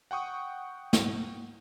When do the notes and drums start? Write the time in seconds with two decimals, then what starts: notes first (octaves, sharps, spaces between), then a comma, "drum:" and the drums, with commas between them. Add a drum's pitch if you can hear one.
0.11 F#5 G5 C#6 D#6
0.93 drum: snare